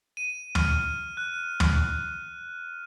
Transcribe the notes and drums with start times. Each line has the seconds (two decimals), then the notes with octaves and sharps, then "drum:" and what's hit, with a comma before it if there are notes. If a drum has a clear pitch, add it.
0.17 D#7
0.55 F6, drum: tom
1.17 F#6
1.60 drum: tom